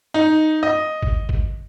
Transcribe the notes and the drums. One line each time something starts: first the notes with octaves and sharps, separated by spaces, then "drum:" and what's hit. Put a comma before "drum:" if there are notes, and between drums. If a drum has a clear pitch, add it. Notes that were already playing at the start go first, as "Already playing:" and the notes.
D#4
D#5
drum: kick G#1
drum: kick G#1